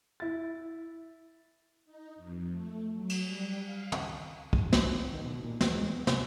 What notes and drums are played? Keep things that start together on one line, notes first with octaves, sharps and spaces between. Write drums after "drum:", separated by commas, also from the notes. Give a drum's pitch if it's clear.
E4 A6
D#4
F2
A3
F#3
drum: cymbal
G3
F5
drum: tom
drum: kick
drum: snare
D#3
B2
A#2
E2, drum: snare
G#3
B3
C3, drum: snare